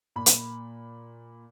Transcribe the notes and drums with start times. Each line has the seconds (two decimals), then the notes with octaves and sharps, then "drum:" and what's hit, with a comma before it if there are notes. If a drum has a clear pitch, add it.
0.16 A#2 B5
0.26 drum: hi-hat